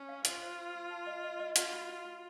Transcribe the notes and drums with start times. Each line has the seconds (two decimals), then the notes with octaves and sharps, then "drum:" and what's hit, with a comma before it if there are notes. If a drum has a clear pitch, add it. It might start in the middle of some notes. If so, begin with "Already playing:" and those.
Already playing: C#4
0.09 F5
0.25 F4 C5, drum: hi-hat
0.42 C5
0.58 C6
0.73 C6
0.90 A5
1.07 D#5
1.23 D#5
1.39 D#5
1.56 F4 F#5, drum: hi-hat
1.72 F#4
1.89 F#4
2.05 F#4